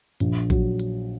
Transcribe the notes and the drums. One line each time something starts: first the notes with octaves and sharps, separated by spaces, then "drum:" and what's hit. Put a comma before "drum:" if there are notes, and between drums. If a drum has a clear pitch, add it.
A#1, drum: hi-hat
F#3, drum: kick A1, hi-hat
drum: hi-hat